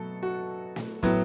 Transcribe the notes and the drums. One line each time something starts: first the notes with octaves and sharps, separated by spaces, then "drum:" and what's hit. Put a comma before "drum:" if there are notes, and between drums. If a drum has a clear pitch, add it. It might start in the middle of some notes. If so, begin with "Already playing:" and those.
Already playing: B2 F#3 A3 A4
F#4
drum: snare
A2 F#3 B3, drum: kick, hi-hat